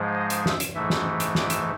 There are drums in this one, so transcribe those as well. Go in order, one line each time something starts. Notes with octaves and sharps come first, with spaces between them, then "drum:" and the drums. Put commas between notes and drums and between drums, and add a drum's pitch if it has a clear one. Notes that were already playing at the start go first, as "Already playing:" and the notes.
Already playing: G#2 F3 G#3
D#5
drum: hi-hat
E5, drum: snare
drum: hi-hat
G#2 E3 A3 E5
drum: snare
drum: hi-hat
D5, drum: snare
drum: hi-hat